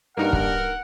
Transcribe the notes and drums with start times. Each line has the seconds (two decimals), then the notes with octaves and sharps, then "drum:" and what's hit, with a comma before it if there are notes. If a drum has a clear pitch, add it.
0.17 G2 A#3 D#4 F#4 A#4 F#5
0.33 drum: kick